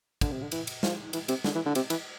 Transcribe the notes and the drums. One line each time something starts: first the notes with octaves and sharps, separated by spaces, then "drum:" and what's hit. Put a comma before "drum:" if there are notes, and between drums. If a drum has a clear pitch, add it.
D3, drum: kick, cymbal
C3
D3
E3, drum: cymbal
drum: cymbal
F3, drum: snare
E3, drum: cymbal
C3, drum: cymbal
D3, drum: snare
E3
D3
C3, drum: cymbal
E3, drum: cymbal